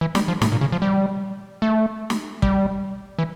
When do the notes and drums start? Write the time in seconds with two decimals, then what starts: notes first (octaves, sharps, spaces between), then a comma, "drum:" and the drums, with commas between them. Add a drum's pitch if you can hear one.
0.01 E3
0.15 G3, drum: snare
0.28 F3
0.42 A2, drum: snare
0.52 A#2
0.61 C#3
0.72 F3
0.82 G3
1.62 A3
2.10 drum: snare
2.42 G3, drum: kick
3.19 E3